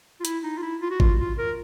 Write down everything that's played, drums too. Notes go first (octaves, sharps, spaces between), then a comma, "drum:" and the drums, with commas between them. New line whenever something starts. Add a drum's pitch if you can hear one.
F4
E4, drum: hi-hat
D#4
F4
E4
F4
F#4
F4, drum: kick G#1
F4
A#4